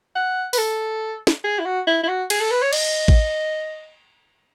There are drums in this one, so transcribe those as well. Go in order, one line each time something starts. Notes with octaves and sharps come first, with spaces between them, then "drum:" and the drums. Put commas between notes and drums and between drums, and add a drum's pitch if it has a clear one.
F#5
B4, drum: open hi-hat
A4
drum: snare
G#4
E4
F#4
E4
E4
F#4
G#4, drum: cymbal
A4
B4
C#5
D#5, drum: cymbal
drum: kick A1